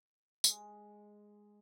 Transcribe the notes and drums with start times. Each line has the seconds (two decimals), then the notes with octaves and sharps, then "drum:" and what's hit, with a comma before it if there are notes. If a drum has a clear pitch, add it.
0.44 G#3, drum: tambourine